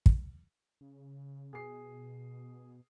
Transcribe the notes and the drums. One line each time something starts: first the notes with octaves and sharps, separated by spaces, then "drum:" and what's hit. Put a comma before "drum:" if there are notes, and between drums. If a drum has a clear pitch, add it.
drum: kick
C#3
B2 G#4 C7